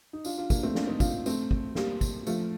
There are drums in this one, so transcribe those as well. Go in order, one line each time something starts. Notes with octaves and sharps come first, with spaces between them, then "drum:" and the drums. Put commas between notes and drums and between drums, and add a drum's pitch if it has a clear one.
D#4
D4 F4, drum: tambourine
D4 F4
A#3 D4, drum: kick, tambourine
A3 C4
A#3 D4, drum: snare
C4 D#4
D4 F4, drum: kick, tambourine
A3 C4, drum: tambourine
drum: kick
G3 A#3, drum: snare
drum: kick, tambourine
F3 A3, drum: tambourine